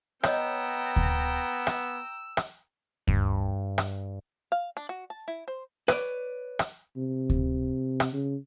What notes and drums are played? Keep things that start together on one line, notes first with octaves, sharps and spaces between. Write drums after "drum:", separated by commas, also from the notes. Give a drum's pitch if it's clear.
B3 C#5 D#5 G5 A#5 E6, drum: rim click
drum: kick D2
drum: rim click
drum: rim click
G2, drum: kick D2
drum: rim click
F5
D4
F#4
A5
E4
C5
B4 C#5 D5, drum: rim click
drum: rim click
C3
drum: kick D2
drum: rim click
C#3